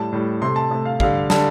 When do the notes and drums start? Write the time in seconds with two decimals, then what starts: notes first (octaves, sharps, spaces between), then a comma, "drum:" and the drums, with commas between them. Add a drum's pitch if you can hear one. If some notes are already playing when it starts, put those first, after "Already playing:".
Already playing: A2 G3 A5
0.12 A2 G3
0.42 C3 A3 C6
0.56 A5
0.71 C3 A3
0.85 F5
1.00 D3 G3 F5, drum: kick
1.30 D3 G3 A5, drum: snare